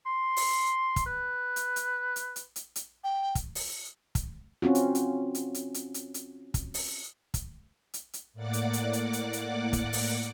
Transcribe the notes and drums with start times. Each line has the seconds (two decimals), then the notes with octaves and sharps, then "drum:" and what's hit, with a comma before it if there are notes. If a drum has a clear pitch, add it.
0.06 C6
0.36 drum: open hi-hat
0.96 drum: kick, hi-hat
1.06 B4
1.56 drum: hi-hat
1.76 drum: hi-hat
2.16 drum: hi-hat
2.36 drum: hi-hat
2.56 drum: hi-hat
2.76 drum: hi-hat
3.04 G5
3.35 drum: kick, hi-hat
3.55 drum: open hi-hat
4.15 drum: kick, hi-hat
4.62 C4 C#4 F4 F#4
4.75 drum: hi-hat
4.95 drum: hi-hat
5.35 drum: hi-hat
5.54 drum: hi-hat
5.74 drum: hi-hat
5.94 drum: hi-hat
6.14 drum: hi-hat
6.54 drum: kick, hi-hat
6.74 drum: open hi-hat
7.34 drum: kick, hi-hat
7.94 drum: hi-hat
8.13 drum: hi-hat
8.33 A2 A#3 D5 F#5 D6
8.53 drum: hi-hat
8.73 drum: hi-hat
8.93 drum: hi-hat
9.13 drum: hi-hat
9.33 drum: hi-hat
9.73 drum: kick, hi-hat
9.93 drum: open hi-hat